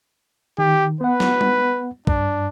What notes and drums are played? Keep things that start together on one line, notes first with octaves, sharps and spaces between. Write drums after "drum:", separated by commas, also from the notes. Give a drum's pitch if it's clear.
D#3 G4
B3 B4 F#5
drum: snare
drum: tom
G2 D4, drum: kick B1